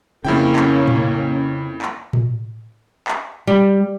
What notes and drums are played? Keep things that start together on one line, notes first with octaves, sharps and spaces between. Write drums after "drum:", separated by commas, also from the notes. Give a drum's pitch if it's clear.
F2 C#3 A#3 C#4 E4 G5
drum: clap
drum: tom A2
drum: clap
drum: tom A2
drum: clap
G3